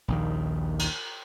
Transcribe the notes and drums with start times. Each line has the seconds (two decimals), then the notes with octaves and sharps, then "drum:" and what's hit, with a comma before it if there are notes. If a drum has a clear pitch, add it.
0.08 A#1 D#2 D#3
0.79 drum: cymbal